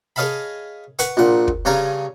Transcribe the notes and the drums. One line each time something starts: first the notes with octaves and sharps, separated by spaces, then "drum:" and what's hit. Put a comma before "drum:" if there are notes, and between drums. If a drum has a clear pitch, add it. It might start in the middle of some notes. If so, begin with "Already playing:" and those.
G#4 C#5 D#5 F5 A5 B5
B4 F#5 C#6, drum: hi-hat
A#1 A#2 F#5
drum: kick
G2 C#3 C#4 G#5 A#5